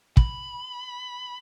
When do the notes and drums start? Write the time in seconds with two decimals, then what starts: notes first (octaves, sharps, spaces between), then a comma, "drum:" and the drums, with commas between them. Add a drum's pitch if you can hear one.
0.17 B5, drum: kick